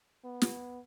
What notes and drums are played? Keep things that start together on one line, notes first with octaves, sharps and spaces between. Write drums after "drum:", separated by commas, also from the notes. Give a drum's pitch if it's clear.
B3
drum: snare